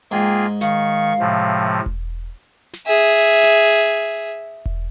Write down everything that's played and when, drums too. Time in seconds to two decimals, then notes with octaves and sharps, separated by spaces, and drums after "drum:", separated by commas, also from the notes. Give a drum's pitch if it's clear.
0.11 G#2 A#3 F4 G#4 G5
0.61 D#3 F5 C#6, drum: snare
1.19 A2 C3 F3
1.86 drum: kick E1
2.73 drum: snare
2.86 G#4 E5
3.43 drum: snare
4.66 drum: kick E1